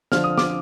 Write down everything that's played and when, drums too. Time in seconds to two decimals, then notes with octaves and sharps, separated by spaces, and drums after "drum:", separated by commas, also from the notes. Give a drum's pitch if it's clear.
0.12 D3 F3 F6, drum: snare
0.24 D#6
0.38 D6, drum: snare